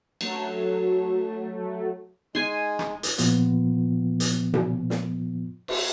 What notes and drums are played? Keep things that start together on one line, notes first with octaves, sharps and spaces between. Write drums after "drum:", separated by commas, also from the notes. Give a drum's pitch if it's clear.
F#3 A3, drum: cymbal
G#3 D#4 G#5 C6
drum: rim click
drum: hi-hat
A#2 F3 B3 F4, drum: hi-hat
drum: hi-hat
drum: tom B2
drum: snare
drum: cymbal